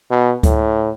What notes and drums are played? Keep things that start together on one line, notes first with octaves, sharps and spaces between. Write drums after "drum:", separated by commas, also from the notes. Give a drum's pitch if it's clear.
B2
A2, drum: kick D2, hi-hat